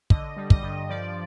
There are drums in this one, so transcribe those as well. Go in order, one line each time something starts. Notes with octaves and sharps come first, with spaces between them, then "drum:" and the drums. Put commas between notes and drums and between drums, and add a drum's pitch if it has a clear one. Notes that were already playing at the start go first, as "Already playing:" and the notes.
D3 D#5, drum: kick
G3
D#5, drum: kick
G2
F3 D5